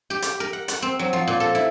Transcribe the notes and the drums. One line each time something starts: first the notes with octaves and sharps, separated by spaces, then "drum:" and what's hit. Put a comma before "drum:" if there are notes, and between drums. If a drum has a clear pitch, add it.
G4
G4, drum: hi-hat
A#4
F#5
F#5, drum: hi-hat
C4
F#3
F3
A#2
A4
E4